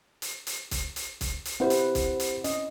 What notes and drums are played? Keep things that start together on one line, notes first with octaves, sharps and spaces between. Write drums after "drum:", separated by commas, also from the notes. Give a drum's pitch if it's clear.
drum: hi-hat
drum: hi-hat
drum: kick, hi-hat
drum: hi-hat
drum: kick, hi-hat
drum: hi-hat
C4 E4 G4 B4 C5 F#5
drum: hi-hat
drum: kick, hi-hat
drum: hi-hat
C#4 D#5, drum: hi-hat